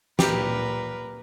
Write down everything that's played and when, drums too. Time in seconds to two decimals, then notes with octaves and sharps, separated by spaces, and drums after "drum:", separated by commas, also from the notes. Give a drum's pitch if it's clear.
0.19 A#2 G4 A#4 B4, drum: snare